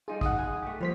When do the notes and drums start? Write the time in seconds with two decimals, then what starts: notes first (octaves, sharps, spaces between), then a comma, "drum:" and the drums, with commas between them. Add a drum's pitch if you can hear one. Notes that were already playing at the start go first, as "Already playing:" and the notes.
0.08 G3 D#4 F4 G#4
0.21 F#5 D#6, drum: kick
0.36 B1 G#4
0.63 A3 G4
0.81 F3 G3 A#3 C5 B6